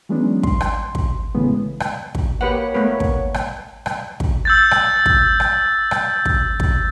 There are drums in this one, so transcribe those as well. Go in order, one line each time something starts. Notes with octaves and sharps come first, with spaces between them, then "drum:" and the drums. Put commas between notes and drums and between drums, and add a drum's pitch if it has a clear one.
E3 F#3 G#3 B3 C#4 D4
C6, drum: kick
drum: rim click
drum: kick
A2 C#3 E3 G#3 B3
drum: rim click
drum: kick
A#3 G4 B4 C#5 F#5
A3 B3 B4
drum: kick
drum: rim click
drum: rim click
drum: kick
E6 G6 A6
drum: rim click
drum: kick
drum: rim click
drum: rim click
drum: kick
drum: kick